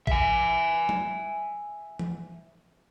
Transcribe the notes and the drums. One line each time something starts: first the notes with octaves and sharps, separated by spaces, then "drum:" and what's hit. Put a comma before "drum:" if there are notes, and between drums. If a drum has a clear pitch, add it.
E5 G#5, drum: kick
drum: tom F#3
drum: tom E3